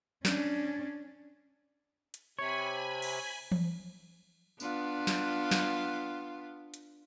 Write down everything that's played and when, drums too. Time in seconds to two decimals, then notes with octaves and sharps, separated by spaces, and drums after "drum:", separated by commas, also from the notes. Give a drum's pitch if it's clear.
0.25 C#4 D4, drum: snare
2.14 drum: hi-hat
2.39 C3 C#5 G#5 B5
3.02 drum: cymbal
3.52 drum: tom E3
4.60 B3 D4 F4, drum: tambourine
5.07 drum: snare
5.51 drum: snare
6.74 drum: hi-hat